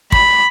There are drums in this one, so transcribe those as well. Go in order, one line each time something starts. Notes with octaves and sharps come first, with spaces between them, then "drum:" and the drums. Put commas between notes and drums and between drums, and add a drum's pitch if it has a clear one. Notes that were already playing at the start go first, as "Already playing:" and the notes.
B5, drum: kick